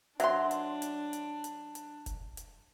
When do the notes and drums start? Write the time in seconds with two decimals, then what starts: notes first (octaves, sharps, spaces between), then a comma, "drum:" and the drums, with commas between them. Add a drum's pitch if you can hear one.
0.20 F#3 D4 E5 F#5 C6, drum: hi-hat
0.51 drum: hi-hat
0.82 drum: hi-hat
1.13 drum: hi-hat
1.44 drum: hi-hat
1.75 drum: hi-hat
2.06 drum: kick F1, hi-hat
2.37 drum: hi-hat